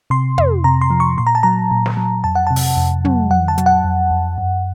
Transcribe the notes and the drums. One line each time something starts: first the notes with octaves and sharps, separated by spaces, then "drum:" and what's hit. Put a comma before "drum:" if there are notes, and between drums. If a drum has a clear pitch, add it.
C3 C6
F2, drum: tom
C3 A#5
C6
F3
C#6
A#2 C6
A#5
A5
F#3 A#5
A#2
drum: snare
F#3
F2 A5
F#5
C3 A5
drum: open hi-hat
F2
F#3, drum: tom
F2 F#5
A5
F#3, drum: hi-hat
F#5
F2
F2
F#2